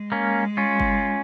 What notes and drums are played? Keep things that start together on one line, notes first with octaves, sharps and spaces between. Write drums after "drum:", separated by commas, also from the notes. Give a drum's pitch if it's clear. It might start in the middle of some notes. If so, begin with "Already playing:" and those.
Already playing: G#3
A#3 C#4
C#4 F4
drum: kick F#1